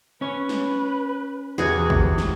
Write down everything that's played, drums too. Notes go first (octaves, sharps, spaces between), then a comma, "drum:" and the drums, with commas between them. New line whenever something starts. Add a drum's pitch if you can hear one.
C#4 B4 C#5
drum: snare
E2 C3 F#4 G#4 G#6
drum: kick
drum: snare